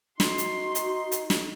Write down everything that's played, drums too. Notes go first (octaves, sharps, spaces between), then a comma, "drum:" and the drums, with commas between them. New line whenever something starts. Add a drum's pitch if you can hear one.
D#4 F#4 C6, drum: snare
drum: hi-hat
drum: hi-hat
drum: hi-hat
drum: snare